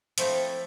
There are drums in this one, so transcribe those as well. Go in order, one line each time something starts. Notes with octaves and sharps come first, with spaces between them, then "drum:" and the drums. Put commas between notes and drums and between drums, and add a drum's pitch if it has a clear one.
F3 A3 C4 E4 A4, drum: hi-hat